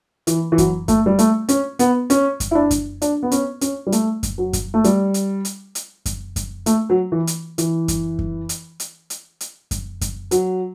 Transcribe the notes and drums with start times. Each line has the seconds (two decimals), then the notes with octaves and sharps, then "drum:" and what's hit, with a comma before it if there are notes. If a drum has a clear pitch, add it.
0.27 E3, drum: hi-hat
0.52 E3
0.58 F#3, drum: kick F#2, hi-hat
0.88 A3, drum: kick F#2, hi-hat
1.06 G3
1.19 A3, drum: hi-hat
1.49 C#4, drum: hi-hat
1.79 B3, drum: hi-hat
2.10 C#4, drum: hi-hat
2.40 drum: kick F#2, hi-hat
2.51 E4
2.55 D4
2.71 drum: kick F#2, hi-hat
3.02 D4, drum: hi-hat
3.23 B3
3.31 C#4, drum: hi-hat
3.61 C#4, drum: hi-hat
3.87 G3
3.92 A3, drum: hi-hat
4.23 drum: kick F#2, hi-hat
4.38 F#3
4.53 drum: kick F#2, hi-hat
4.74 A3
4.84 G3, drum: hi-hat
5.14 drum: hi-hat
5.45 drum: hi-hat
5.75 drum: hi-hat
6.06 drum: kick F#2, hi-hat
6.36 drum: kick F#2, hi-hat
6.66 A3, drum: hi-hat
6.90 F#3
7.12 E3
7.27 drum: hi-hat
7.58 E3, drum: hi-hat
7.88 drum: kick F#2, hi-hat
8.19 drum: kick F#2
8.49 drum: hi-hat
8.80 drum: hi-hat
9.10 drum: hi-hat
9.40 drum: hi-hat
9.71 drum: kick F#2, hi-hat
10.01 drum: kick F#2, hi-hat
10.31 F#3, drum: hi-hat